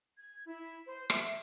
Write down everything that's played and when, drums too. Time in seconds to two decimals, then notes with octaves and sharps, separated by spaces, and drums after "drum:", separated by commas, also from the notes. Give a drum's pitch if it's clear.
0.18 G#6
0.47 E4
0.86 C5
1.10 E5, drum: rim click